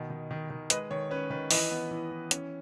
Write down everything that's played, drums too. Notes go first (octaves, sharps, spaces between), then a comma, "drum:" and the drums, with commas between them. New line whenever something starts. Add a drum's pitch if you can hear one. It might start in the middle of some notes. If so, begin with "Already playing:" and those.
Already playing: B2 D#3
D#3
D#3
D#3
G#3 B4 D#5, drum: hi-hat
D#3 C#5
C#4 B4
D#3 B4
E3 B4 D#5, drum: open hi-hat
B3
E3
E3
C#4, drum: hi-hat